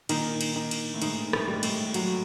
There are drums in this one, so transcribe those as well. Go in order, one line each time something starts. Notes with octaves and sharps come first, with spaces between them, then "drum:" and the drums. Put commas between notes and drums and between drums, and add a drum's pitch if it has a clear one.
A#2 D#3, drum: cymbal
drum: cymbal
D#3
drum: cymbal
A2
G#2 D#3, drum: cymbal
A2, drum: rim click
G3
G#2
A2, drum: cymbal
F#3, drum: cymbal